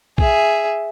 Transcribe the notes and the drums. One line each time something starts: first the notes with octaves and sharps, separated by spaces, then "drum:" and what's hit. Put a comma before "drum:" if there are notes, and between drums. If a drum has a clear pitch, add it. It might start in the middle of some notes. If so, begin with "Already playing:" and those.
G#4 E5, drum: kick A#1